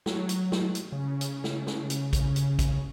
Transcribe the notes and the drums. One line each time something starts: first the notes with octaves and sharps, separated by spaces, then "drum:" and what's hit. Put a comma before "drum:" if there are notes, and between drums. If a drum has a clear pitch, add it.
F#3, drum: snare
drum: hi-hat
drum: snare
drum: hi-hat
C#3
drum: hi-hat
drum: snare
drum: snare
drum: hi-hat
drum: kick, hi-hat
drum: hi-hat
drum: kick, hi-hat